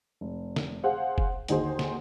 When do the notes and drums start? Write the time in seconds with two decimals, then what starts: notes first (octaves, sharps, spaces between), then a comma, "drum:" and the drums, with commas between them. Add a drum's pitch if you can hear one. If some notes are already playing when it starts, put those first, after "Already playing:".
0.21 F1
0.56 drum: snare
0.84 G#4 C5 F5 F#5
1.18 drum: kick F#1
1.48 D#2 D3 D#4 F#4 G#4 C5, drum: hi-hat
1.79 drum: snare